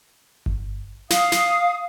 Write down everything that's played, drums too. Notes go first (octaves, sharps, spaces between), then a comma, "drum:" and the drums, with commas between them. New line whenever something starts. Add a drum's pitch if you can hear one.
drum: kick G1
F5 D#6, drum: snare
drum: snare